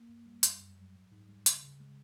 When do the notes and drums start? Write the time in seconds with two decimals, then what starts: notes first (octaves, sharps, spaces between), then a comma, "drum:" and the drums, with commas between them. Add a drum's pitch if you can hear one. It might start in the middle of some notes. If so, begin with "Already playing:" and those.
Already playing: A#3
0.08 G2
0.26 G3
0.43 F#2, drum: hi-hat
0.60 F#2
0.77 F#3
0.95 G#2
1.12 G#2
1.29 G3
1.46 C#3, drum: hi-hat
1.63 C#3
1.80 G#3